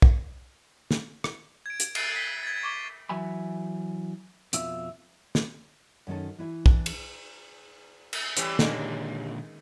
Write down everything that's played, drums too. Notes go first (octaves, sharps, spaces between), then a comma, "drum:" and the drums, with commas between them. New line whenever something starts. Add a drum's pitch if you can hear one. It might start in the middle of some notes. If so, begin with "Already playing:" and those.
drum: kick
drum: snare
drum: rim click
G#6 D7
drum: hi-hat
F#6 A6 C7 D7 D#7, drum: cymbal
B6 D7
G#6 A6
C#6 D6 G7
E3 F#3 E5 G#5 B5
F2 B2 F4 E5, drum: hi-hat
drum: snare
F#2 D#3 C#4 A4
E3 E4 E5
E3 D4, drum: kick
drum: cymbal
drum: cymbal
E3 G3 A3 C#4 C5 C#5, drum: hi-hat
D#2 A#2 D3 D#3 G#3 A#3 D5, drum: snare